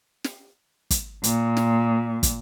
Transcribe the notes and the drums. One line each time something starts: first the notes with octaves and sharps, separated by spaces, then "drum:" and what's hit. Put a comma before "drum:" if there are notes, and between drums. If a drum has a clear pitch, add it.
drum: snare
drum: kick, hi-hat
A#2, drum: hi-hat
drum: snare
drum: kick, hi-hat